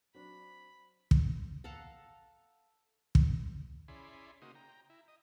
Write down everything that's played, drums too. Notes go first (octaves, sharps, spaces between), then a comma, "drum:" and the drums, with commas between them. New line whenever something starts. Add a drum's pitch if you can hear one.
F#3 C4 D4 B5
drum: kick
A4 F5 F#5 A#5
drum: kick
C#4 E4 G#4 D5 B5 C6
C#3 A#3 D#4 F#4 C5 D#6
G5 A#5
E4
D#5